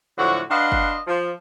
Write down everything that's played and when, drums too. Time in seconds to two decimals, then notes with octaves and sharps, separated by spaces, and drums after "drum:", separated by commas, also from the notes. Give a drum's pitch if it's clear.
0.18 A2 D3 F3 F#3 F#4
0.50 D4 B4 D#5 F5 F#5 C6
0.72 drum: kick F#1
1.07 F3